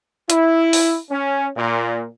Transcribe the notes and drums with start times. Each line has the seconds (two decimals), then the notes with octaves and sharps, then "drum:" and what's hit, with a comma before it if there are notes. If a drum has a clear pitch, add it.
0.30 E4, drum: hi-hat
0.73 drum: open hi-hat
1.10 C#4
1.57 A#2